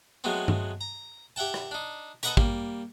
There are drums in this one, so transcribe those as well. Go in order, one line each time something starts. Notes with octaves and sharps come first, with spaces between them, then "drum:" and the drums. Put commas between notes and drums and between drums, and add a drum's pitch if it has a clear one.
F#3 G#3 A3 B3 C4
drum: tom G2
A#5
G4 E5 F#5 G5 A5
drum: rim click
D4 D#4
A4 B4 D#5 F#5 A#5 C#6, drum: hi-hat
G3 A#3, drum: kick